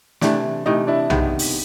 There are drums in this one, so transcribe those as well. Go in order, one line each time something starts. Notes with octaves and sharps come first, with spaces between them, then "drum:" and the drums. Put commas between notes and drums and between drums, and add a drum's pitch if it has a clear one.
C3 E3 A3 D4, drum: snare
C3 E3 A3 D#4
D4 E4
C3 D#3 G#3 B3, drum: tom B1
drum: open hi-hat